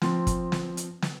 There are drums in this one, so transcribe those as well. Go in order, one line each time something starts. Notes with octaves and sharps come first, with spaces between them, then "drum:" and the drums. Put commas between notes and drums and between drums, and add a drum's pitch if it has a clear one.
F3 C4, drum: snare
drum: kick, hi-hat
drum: snare
drum: hi-hat
drum: snare